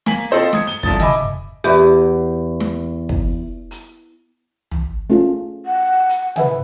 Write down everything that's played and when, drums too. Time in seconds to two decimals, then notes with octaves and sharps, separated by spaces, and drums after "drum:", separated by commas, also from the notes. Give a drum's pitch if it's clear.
0.06 A#3 G#5 B6 F#7, drum: snare
0.31 C4 F4 A4 C5 D#5
0.53 D#6 G#6 C#7, drum: snare
0.67 G7, drum: hi-hat
0.83 C2 D3 F3 D#6 A6, drum: kick
1.00 D#5 E5 G#5 B5 D6, drum: tom
1.64 E2 G4
2.60 drum: snare
3.09 drum: kick
3.71 drum: hi-hat
4.71 drum: tom
5.10 A3 C#4 F4
5.66 F#5
6.09 drum: hi-hat
6.36 B4 E5 G#5, drum: tom